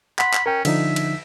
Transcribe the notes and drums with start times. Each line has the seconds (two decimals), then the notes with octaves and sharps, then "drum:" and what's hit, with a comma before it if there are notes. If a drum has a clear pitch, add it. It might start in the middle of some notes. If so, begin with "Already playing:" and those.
0.19 F#5 B5 C6, drum: clap
0.33 drum: clap
0.46 C#4 A#4 G5
0.65 D3 F3 D#4 E5, drum: cymbal
0.96 drum: cymbal